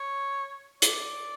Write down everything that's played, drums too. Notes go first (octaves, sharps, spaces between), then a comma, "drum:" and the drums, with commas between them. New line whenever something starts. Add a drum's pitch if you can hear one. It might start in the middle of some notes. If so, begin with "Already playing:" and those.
Already playing: C#5
D5, drum: hi-hat